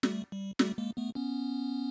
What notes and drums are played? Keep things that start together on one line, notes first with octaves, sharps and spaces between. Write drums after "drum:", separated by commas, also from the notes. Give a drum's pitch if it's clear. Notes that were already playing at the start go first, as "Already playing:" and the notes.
G3 A3, drum: snare
G3
G3 A3, drum: snare
G#3 A#3
A3 B3
B3 C#4